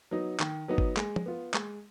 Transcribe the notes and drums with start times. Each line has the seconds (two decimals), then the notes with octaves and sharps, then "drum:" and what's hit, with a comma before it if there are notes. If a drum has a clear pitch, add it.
0.11 F#3 B3 D#4
0.40 D#3, drum: clap
0.68 F#3 B3 D#4
0.78 drum: kick G1
0.97 G#3, drum: clap
1.16 drum: tom
1.26 B3 F4
1.54 G#3, drum: clap